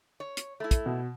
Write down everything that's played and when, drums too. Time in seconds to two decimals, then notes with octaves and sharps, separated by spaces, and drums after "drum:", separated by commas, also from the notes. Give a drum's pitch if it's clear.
0.20 C#5
0.37 drum: hi-hat
0.60 A3 E4
0.71 drum: kick, hi-hat
0.86 B2